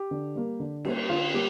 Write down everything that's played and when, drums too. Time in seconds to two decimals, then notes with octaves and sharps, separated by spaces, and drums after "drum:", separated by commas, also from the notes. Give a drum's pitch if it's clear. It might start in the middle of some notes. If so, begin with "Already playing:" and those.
Already playing: G4
0.11 D3
0.35 G3 A#3
0.60 D3
0.85 G3 A#3, drum: cymbal
1.09 D3 F4
1.34 G3 A#3 G4